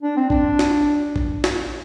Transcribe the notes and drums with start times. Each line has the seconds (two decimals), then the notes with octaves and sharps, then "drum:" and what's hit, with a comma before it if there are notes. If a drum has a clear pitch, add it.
0.03 D4
0.16 C4
0.30 D4, drum: kick
0.59 drum: snare
1.16 drum: kick
1.44 drum: snare